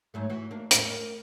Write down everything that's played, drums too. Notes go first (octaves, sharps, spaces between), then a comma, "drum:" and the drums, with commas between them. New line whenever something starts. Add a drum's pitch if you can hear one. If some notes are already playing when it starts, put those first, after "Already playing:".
G#2 F#3 A3
E3 F#4
A#3 D4
E2 A2 A#3, drum: hi-hat
A#4